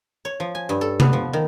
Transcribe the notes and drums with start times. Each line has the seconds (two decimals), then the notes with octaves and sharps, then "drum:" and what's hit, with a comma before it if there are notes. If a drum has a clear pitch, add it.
0.25 C#5
0.40 F3
0.55 G#5
0.69 G2
0.81 A4
1.00 B3, drum: tom C3
1.13 F3
1.33 D#3